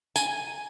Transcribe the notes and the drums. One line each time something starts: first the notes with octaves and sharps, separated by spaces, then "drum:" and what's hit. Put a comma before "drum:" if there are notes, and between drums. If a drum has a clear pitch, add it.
G#5, drum: tambourine